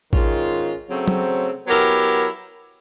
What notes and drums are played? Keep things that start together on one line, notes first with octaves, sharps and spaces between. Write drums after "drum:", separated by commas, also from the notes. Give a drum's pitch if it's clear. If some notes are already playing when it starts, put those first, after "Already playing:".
G#2 D#3 G#3 C#4 F4, drum: kick A1
C#3 F#3 A3 C4
drum: tom F#3
F#3 B3 E4 G4 A#4